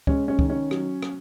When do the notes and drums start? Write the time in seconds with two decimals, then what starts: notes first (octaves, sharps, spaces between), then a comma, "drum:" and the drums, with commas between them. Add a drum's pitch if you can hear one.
0.07 G#3 C#4, drum: kick
0.28 C#4
0.39 D#3, drum: kick
0.50 C#4
0.71 F#3, drum: rim click
1.03 drum: rim click